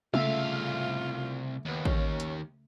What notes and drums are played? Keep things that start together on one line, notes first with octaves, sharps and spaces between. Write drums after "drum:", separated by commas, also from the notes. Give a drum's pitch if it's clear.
C2 C#3 A3 F4 E5 F5, drum: tom G#3
D#2 B3
C#4, drum: kick A1
drum: hi-hat